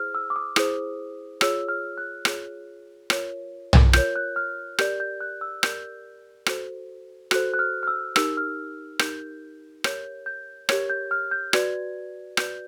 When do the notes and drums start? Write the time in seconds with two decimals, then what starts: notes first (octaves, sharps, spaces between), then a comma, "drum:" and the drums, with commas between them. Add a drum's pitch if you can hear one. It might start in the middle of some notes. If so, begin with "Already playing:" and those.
Already playing: E4 G#4 C5 F6
0.15 E6
0.30 D6
0.36 D#6
0.56 E4 G#4 C5 D#6, drum: rim click
1.41 F4 G#4 C#5 E6, drum: rim click
1.69 F6
1.98 F#6
2.25 F4 G#4 C#5, drum: rim click
3.10 F4 A#4 C#5, drum: rim click
3.73 drum: tom B1
3.93 F4 A#4 C#5 G6, drum: rim click
4.16 F#6
4.36 F6
4.79 G4 A#4 D5 G6, drum: rim click
5.00 G6
5.21 F#6
5.41 E6
5.63 G4 A#4 D5 G6, drum: rim click
6.46 F#4 A4 C5, drum: rim click
7.31 F#4 A4 C5 F#6, drum: rim click
7.54 F#6
7.59 F6
7.83 F6
7.87 E6
8.16 D#4 G4 A#4 E6, drum: rim click
8.37 F6
8.99 D#4 G4 A#4 G6, drum: rim click
9.84 G4 A#4 C#5 G6, drum: rim click
10.26 G6
10.69 G4 A#4 C#5 G#6, drum: rim click
10.90 G6
11.11 F6
11.31 G6
11.53 F#4 B4 D5 G#6, drum: rim click
12.37 F#4 B4 D5 G6, drum: rim click